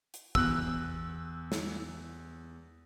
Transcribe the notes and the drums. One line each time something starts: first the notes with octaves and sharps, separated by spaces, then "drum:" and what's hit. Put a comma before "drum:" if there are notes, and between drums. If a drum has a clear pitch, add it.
drum: hi-hat
E2 E6 F#6, drum: kick
drum: snare